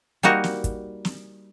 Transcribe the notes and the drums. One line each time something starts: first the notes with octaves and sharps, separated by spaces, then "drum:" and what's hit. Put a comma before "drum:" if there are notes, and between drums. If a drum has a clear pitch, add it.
G3 A#3 D#4 F#4, drum: hi-hat
drum: snare
drum: kick, hi-hat
drum: snare